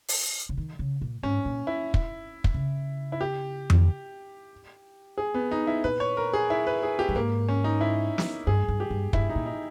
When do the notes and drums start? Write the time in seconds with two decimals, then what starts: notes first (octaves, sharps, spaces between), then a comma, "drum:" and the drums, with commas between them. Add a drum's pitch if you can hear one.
0.08 drum: open hi-hat
0.49 C#3
0.57 D#3
0.79 C#3
1.01 A#2
1.23 G#2 C#4
1.45 A#2
1.67 E4
1.94 drum: kick
2.44 drum: kick
2.54 C#3
3.12 E4
3.21 G4
3.70 drum: tom F2
5.18 G#4
5.34 B3
5.51 D#4
5.67 E4
5.84 A#2 B4
6.00 C#5
6.17 A#4
6.33 G#4
6.50 E4
6.67 B4
6.83 G#4
6.99 G4
7.09 G2
7.15 G#2 A#3
7.49 C#4
7.64 D#4
7.81 E4
8.18 drum: snare
8.47 G2 G#4
8.68 G2
8.80 G4
8.90 G2
9.13 G2 E4, drum: kick
9.30 D#4
9.35 A#2
9.46 D#4